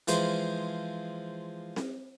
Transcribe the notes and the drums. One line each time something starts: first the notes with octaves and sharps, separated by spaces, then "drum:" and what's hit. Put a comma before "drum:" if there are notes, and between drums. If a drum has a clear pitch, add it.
E3 F3 G#3 C5, drum: hi-hat
drum: snare C4